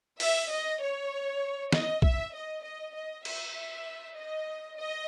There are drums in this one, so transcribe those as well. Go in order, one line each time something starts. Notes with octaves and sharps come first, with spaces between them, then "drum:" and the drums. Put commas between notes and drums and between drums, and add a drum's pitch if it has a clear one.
E5, drum: open hi-hat
D#5
C#5
D#5, drum: snare
E5, drum: kick B1
D#5
D#5
D#5
E5, drum: cymbal
D#5
D#5